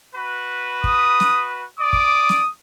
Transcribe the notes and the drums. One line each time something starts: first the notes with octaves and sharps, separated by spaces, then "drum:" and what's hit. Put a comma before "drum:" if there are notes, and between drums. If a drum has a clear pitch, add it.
F#4 B4
D#6, drum: kick
drum: snare
D5 D6 D#6
drum: kick
drum: snare